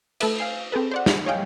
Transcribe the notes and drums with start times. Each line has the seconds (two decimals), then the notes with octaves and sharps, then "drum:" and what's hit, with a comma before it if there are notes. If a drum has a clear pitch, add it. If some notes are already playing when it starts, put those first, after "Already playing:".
0.20 A3 A4 B4 E5, drum: cymbal
0.39 F5 G#5 C7
0.72 C4 G#4 A4 B4
0.91 C5 D5 F#5
1.06 drum: snare
1.26 C#5 D#5 F5 G5 G#5